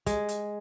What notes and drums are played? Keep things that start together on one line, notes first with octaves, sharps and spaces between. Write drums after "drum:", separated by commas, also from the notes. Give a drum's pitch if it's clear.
G#3, drum: kick, hi-hat
drum: hi-hat